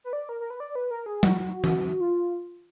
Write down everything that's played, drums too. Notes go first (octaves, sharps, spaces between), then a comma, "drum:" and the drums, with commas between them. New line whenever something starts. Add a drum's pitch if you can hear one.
B4
D5
A#4
A#4
B4
D5
B4
A#4
G#4
F#4, drum: tom F#3
drum: tom E3
F4